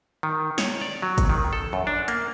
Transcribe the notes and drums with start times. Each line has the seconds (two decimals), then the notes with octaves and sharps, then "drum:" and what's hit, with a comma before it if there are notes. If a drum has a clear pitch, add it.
0.23 D#3
0.58 C#5, drum: snare
0.81 D5
1.02 F#3
1.18 drum: kick G#1, hi-hat
1.29 D#3
1.53 A4
1.73 F#2
1.87 D4
2.08 A#3, drum: hi-hat